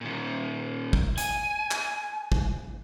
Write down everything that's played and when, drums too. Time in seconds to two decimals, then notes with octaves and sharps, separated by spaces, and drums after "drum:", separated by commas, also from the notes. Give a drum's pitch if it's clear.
0.01 A#2 D#3
0.93 drum: kick
1.18 G#5, drum: hi-hat
1.71 drum: clap
2.32 drum: kick